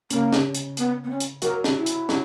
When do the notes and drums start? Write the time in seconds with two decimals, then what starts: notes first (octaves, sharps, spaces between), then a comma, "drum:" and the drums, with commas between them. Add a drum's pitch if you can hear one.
0.10 C#3 A#3 C#4, drum: hi-hat
0.33 drum: snare
0.55 drum: hi-hat
0.77 B3, drum: hi-hat
1.03 B3
1.09 C#4
1.20 drum: hi-hat
1.42 F#3 F#4 A#4, drum: hi-hat
1.64 drum: snare
1.76 E4
1.86 drum: hi-hat
2.09 F#3 F#4, drum: snare